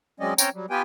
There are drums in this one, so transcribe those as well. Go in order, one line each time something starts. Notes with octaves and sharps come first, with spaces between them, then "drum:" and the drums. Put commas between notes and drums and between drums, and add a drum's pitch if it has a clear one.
F#3 G#3 C4 C#4 D5 D#5
C4 C#4 C5 C#5 G5 A#5, drum: tambourine
F#3 G3
B3 F4 G4 B4 G5 G#5